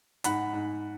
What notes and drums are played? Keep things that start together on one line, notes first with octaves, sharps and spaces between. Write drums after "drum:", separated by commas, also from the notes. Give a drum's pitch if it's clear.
G#2 F#5 B5, drum: hi-hat
G#2